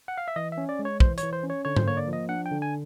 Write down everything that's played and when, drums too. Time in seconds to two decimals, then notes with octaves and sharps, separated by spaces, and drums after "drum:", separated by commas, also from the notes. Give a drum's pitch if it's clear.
0.08 F#5
0.18 F5
0.28 E5
0.36 E3 D#5
0.52 E5
0.58 C#4
0.69 D5
0.79 G#3
0.85 C#5
1.00 E3 C5, drum: kick
1.18 C#5, drum: hi-hat
1.23 E3
1.33 C5
1.43 C#4
1.50 C#5
1.65 D3 C#5
1.76 C5, drum: tom G#2
1.87 A#3 C#5
1.97 D5
2.08 F3
2.13 D#5
2.29 D4 F#5
2.46 G5
2.51 D3
2.62 G#5